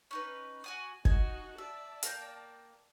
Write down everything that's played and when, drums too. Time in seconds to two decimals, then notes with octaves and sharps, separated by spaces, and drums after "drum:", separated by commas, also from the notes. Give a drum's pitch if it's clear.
0.11 C#4 D#4 B4
0.64 F#4 G#5 D#6
1.05 D#4 F#4 G#5, drum: kick G1
1.58 D5 E5 A5
2.03 A#3 A#4 G5, drum: hi-hat